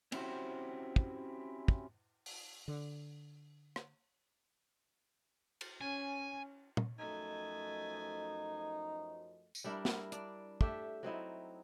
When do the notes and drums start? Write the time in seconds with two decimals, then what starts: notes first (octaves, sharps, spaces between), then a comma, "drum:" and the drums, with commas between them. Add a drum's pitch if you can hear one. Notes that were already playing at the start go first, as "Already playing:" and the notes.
0.12 C4 C#4 E4 F#4 G4 C5, drum: cymbal
0.96 drum: kick
1.68 drum: kick
2.26 drum: open hi-hat
2.68 D3
3.76 drum: rim click
5.61 drum: cymbal
5.81 C#4 G#5
6.77 drum: tom
6.98 F#2 F3 A3 D#4 D#5 G#5
9.55 drum: tambourine
9.64 G3 D4 E4 A#4
9.85 E4 A#4, drum: snare
10.12 D4 D5, drum: hi-hat
10.61 A3 D4 G4 E5, drum: kick
11.03 F#3 C4 D#4 E4